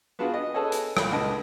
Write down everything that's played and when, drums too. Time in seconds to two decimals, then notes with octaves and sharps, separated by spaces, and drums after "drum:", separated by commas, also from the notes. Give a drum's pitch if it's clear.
0.19 B3 D4 F4 F#4 G#4
0.34 D#5
0.54 G#4 A4 B4 C#5 D#5 G#5
0.72 drum: hi-hat
0.97 C2 A#2 B5, drum: rim click
1.11 C#2 D3 D#5 A5